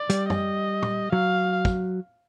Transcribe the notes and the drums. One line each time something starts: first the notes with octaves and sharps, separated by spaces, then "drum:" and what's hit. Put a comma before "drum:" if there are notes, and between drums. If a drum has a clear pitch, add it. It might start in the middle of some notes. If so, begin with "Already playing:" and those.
Already playing: D5
G3, drum: hi-hat
D#5, drum: tom
drum: tom
F#3 F5
drum: kick